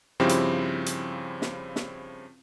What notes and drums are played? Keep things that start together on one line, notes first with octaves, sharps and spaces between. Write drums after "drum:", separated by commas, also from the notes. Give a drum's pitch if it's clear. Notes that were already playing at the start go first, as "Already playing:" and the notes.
G2 C#3 F3 C4 E4 G4
drum: hi-hat
drum: hi-hat
drum: snare
drum: snare